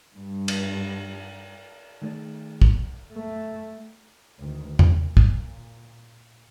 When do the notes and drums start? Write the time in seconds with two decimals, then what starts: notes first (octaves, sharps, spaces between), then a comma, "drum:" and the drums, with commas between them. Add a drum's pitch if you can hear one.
0.15 G2
0.48 drum: cymbal
2.02 D#3 A3 G#4 D5
2.62 drum: kick
3.12 A3
4.39 D2 D#3
4.79 A#2, drum: tom E2
5.17 drum: kick